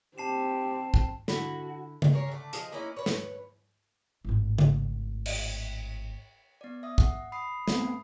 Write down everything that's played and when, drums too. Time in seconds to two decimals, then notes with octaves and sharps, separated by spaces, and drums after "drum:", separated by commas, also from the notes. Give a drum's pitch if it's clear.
0.18 C4 G4 A5 C7 E7
0.94 drum: kick
1.28 D3 E4 F#4 A4 B5, drum: snare
2.02 drum: tom C#3
2.12 G#4 A#4 C#5
2.28 D3 A3
2.53 F3 G#4 D#5, drum: hi-hat
2.72 A#3 C#4 D#4 E4
2.96 B4 C#5
3.06 drum: snare
4.25 G#1 A2
4.58 drum: tom C#3
5.26 drum: cymbal
6.61 B3 D5
6.83 E5 D#6
6.98 F#5, drum: kick
7.32 B5 D#6 C7
7.68 A3 B3 C4, drum: snare